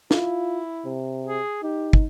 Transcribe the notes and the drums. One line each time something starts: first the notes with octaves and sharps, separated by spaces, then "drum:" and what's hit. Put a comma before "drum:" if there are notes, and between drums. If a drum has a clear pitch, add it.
E4 F4, drum: snare
C3
G#4
D#4 G4
drum: kick